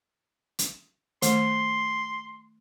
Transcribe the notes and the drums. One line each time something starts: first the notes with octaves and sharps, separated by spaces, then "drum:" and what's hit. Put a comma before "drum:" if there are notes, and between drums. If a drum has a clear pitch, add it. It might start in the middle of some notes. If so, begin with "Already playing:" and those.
drum: hi-hat
D#3 A3 C6, drum: hi-hat